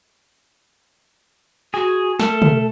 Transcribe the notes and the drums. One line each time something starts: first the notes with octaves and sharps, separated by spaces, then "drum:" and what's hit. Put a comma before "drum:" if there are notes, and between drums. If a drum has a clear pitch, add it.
F#4 G#4
A3 A4 A#4, drum: snare
drum: tom